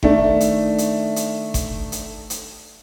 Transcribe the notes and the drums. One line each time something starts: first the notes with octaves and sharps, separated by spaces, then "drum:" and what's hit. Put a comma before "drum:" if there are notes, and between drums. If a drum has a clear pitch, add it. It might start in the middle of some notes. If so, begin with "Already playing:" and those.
D#3 A3 D4, drum: kick G1
drum: hi-hat
drum: hi-hat
drum: hi-hat
drum: kick G1, hi-hat
drum: hi-hat
drum: hi-hat